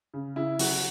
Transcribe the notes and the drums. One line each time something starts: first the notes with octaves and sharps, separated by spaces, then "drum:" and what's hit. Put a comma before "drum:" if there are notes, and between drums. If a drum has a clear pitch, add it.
C#3
C#3 E4
F#3 F#4, drum: open hi-hat